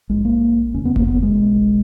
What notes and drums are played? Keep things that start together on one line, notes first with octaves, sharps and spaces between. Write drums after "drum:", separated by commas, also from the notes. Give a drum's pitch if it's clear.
A#1 G#2 G#3
A#3
F1 D#2 C#3 C#4
B3
A#3, drum: kick F#1
B3
G#3
B1 B2